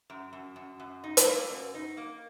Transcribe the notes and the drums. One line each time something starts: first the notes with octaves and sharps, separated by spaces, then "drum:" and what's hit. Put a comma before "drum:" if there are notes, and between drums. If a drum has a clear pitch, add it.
F#2
F#2
F#2
F#2
D#4
drum: hi-hat
A#3
F#2
D#4
A#3